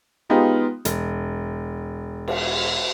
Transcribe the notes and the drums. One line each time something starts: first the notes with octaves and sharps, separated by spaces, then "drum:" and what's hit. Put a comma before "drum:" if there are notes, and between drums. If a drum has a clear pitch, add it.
G#3 B3 D#4 F4 G4
E1, drum: hi-hat
drum: cymbal